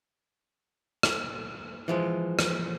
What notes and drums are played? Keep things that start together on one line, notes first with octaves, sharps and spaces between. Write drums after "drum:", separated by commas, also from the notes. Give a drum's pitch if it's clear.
drum: rim click
E3 F3 G#3
drum: rim click